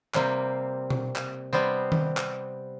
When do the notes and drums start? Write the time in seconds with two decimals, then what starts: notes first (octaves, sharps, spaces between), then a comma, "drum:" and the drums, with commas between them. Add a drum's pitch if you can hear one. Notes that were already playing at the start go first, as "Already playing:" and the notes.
0.14 C3 G3 A#3 C4, drum: clap
0.90 drum: tom B2
1.16 drum: clap
1.53 C3 G3 B3 C4
1.92 drum: tom D#3
2.17 drum: clap